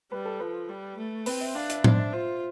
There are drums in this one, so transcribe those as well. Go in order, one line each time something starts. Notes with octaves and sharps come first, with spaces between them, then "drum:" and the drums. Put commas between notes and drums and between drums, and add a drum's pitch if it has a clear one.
G3 B4
A4
F3 B4
G3
A3
C4 B4, drum: open hi-hat
E5
D4 F5
E5, drum: hi-hat
D4 C5, drum: tom A2
E5
F4 C5